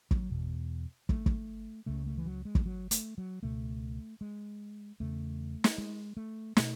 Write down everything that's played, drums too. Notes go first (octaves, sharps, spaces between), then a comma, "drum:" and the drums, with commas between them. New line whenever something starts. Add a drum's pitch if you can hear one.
F#3, drum: kick
E2 B2
A3, drum: kick
drum: kick
C#2 C#3 A3
A3
E3
F#3
G#3
drum: kick
F#3
A3, drum: hi-hat
F#3
C#2 B2 A3
G#3
E2 C#3 A3
drum: snare
G#3
A3
B2 A3, drum: snare